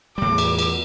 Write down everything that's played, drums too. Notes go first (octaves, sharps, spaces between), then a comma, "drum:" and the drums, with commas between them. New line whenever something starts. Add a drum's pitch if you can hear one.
E2 A2 G3 D6
drum: cymbal
drum: cymbal